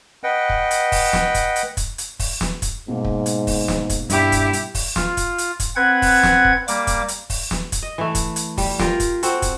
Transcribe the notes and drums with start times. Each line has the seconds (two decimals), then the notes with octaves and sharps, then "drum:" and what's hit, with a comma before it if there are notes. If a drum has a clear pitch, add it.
0.23 B4 D#5 F#5 G5
0.49 drum: kick
0.71 drum: hi-hat
0.92 drum: kick, open hi-hat
1.13 drum: snare
1.34 drum: kick, hi-hat
1.56 drum: hi-hat
1.77 drum: kick, hi-hat
1.98 drum: hi-hat
2.19 drum: kick, open hi-hat
2.41 drum: snare
2.62 drum: kick, hi-hat
2.88 G#2 B2 A#3
3.05 drum: kick
3.26 drum: hi-hat
3.47 drum: kick, open hi-hat
3.68 drum: snare
3.90 drum: kick, hi-hat
4.10 G2 E4 G4, drum: hi-hat
4.32 drum: kick, hi-hat
4.53 drum: hi-hat
4.75 drum: kick, open hi-hat
4.96 F4, drum: snare
5.17 drum: kick, hi-hat
5.38 drum: hi-hat
5.60 drum: kick, hi-hat
5.76 C4 B4 F#5 G#6
6.02 drum: kick, open hi-hat
6.23 drum: snare
6.45 drum: kick
6.68 G3 A#3 D6, drum: hi-hat
6.87 drum: kick, hi-hat
7.08 drum: hi-hat
7.30 drum: kick, open hi-hat
7.51 drum: snare
7.72 drum: kick, hi-hat
7.83 D#5
7.98 E3 A3
8.15 drum: kick, hi-hat
8.36 drum: hi-hat
8.58 G3, drum: kick, open hi-hat
8.79 F4 G4 A#4, drum: snare
9.00 drum: kick, hi-hat
9.23 C4 F#4 A4, drum: hi-hat
9.42 drum: kick, hi-hat